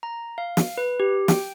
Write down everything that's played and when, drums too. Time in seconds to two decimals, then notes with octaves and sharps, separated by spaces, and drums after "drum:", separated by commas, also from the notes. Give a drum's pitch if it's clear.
0.03 A#5
0.38 F5
0.57 drum: snare
0.78 B4
1.00 G4
1.28 G5, drum: snare